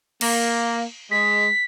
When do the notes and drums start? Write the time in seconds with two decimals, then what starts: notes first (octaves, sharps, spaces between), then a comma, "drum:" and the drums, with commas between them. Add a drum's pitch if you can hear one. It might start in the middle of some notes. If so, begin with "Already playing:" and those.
0.21 A#3, drum: cymbal
1.11 G#3 B6